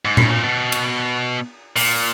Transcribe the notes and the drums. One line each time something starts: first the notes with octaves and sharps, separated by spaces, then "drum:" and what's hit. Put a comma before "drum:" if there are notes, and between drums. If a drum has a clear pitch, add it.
G#2
A2, drum: tom A#2
A#2
B2
drum: cymbal
A#2, drum: open hi-hat